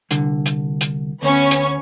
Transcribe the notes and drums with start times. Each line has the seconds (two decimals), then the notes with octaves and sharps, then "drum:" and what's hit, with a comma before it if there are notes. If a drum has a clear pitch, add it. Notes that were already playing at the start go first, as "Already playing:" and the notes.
0.11 C2 D3, drum: hi-hat
0.46 drum: hi-hat
0.81 drum: hi-hat
1.23 D2 B3 C#4 C#6
1.51 drum: hi-hat